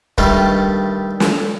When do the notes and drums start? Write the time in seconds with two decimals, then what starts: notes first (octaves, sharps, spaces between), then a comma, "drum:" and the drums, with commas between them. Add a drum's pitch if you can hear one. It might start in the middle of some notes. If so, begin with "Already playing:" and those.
0.18 G2 D#3 G3 A3 D#4 F4, drum: kick
1.20 drum: snare